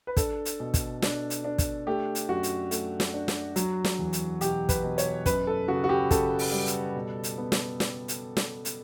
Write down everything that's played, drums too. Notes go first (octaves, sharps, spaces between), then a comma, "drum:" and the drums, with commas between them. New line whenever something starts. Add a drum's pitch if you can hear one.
B4
D4 A4, drum: kick, hi-hat
drum: hi-hat
B2
drum: kick, hi-hat
D4, drum: snare
drum: hi-hat
D4
drum: kick, hi-hat
A3 G4
drum: hi-hat
F#2 F#4
drum: hi-hat
A3, drum: hi-hat
drum: snare
D4
drum: snare
F#3, drum: hi-hat
drum: snare
E2
drum: hi-hat
B2 G4, drum: hi-hat
B4, drum: kick, hi-hat
B2
C#5, drum: hi-hat
F#2 B4, drum: kick, hi-hat
A4
C#3 F#4
F#4
G4
C#3 A4, drum: kick, hi-hat
drum: open hi-hat
G3
drum: hi-hat
B2
drum: hi-hat
B3
drum: snare
drum: snare
drum: hi-hat
drum: snare
drum: hi-hat